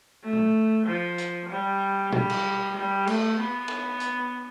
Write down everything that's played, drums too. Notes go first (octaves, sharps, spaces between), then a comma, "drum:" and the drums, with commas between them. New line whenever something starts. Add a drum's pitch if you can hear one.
A3
drum: tom
F3
drum: hi-hat
G3
G3, drum: tom
drum: cymbal
G3
A3, drum: cymbal
B3
drum: cymbal
drum: hi-hat